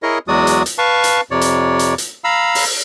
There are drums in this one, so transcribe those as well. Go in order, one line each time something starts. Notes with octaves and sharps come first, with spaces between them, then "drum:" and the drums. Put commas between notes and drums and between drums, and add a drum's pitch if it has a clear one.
E4 G#4 A#4 C#5 D#5
E2 F#3 G#3 F#4 D5 D#6
drum: hi-hat
drum: hi-hat
B4 F5 A5 C#6
drum: hi-hat
F2 C3 C#5 D5
drum: hi-hat
drum: hi-hat
drum: hi-hat
F5 A#5 B5 E6
drum: open hi-hat